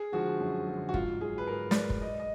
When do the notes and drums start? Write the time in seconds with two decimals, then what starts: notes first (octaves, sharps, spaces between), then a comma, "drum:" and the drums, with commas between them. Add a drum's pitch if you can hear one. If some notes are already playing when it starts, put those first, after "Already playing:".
Already playing: G#4
0.12 D3 F3 G#3 F#4
0.40 F#2
0.67 D3 F3 G#3
0.89 F#4
0.94 G#2 F4, drum: kick
1.21 F#3 G#4
1.38 B4
1.47 G#2 A#4
1.71 D5, drum: snare
1.76 F#3 B4
1.90 drum: kick
2.01 G#2 D#5
2.20 D#5